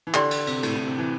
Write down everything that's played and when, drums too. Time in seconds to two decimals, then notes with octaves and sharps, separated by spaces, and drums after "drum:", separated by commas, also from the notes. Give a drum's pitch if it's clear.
0.07 E3
0.14 D3 G4 D5 G5 C6, drum: clap
0.31 drum: cymbal
0.47 C3, drum: cymbal
0.63 A2, drum: cymbal
0.75 A2
0.87 C3
0.98 E3